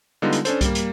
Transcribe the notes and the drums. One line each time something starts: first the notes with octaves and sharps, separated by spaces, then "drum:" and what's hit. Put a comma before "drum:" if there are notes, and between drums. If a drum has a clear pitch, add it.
D3 G3 G#3 B3 D#4 F4
drum: hi-hat
C#4 D4 A4 C5, drum: hi-hat
G3 A#3, drum: kick C2, hi-hat
drum: hi-hat